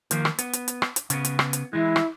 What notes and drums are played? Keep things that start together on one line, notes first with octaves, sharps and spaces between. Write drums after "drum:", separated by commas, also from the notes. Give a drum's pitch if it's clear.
D#3 F3 A#3, drum: hi-hat
drum: rim click
B3, drum: hi-hat
drum: hi-hat
drum: hi-hat
drum: rim click
drum: hi-hat
C#3 B3, drum: hi-hat
drum: hi-hat
drum: rim click
drum: hi-hat
E3 G#3 E4
drum: rim click